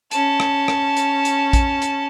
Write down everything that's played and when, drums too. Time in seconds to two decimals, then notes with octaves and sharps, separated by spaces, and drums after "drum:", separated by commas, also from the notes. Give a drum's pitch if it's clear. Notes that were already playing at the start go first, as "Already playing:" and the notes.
0.11 C#4 A5, drum: hi-hat
0.40 drum: rim click
0.68 drum: rim click
0.97 drum: hi-hat
1.25 drum: hi-hat
1.53 drum: kick A#1, hi-hat
1.82 drum: hi-hat